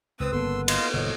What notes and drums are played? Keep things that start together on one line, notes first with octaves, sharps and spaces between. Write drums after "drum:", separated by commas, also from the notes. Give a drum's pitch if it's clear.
C#2 C4 B4 D#6 E6
G1 C#3 A#3 B3 A4 C6 E6
B3 F4 D#5 F5, drum: cymbal
F#1 A#2 D#3 C5 C#5 D#5 F#5